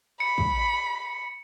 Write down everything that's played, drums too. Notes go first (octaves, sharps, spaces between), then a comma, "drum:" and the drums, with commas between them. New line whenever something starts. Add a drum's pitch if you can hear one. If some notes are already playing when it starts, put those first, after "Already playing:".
B5 C#7
drum: kick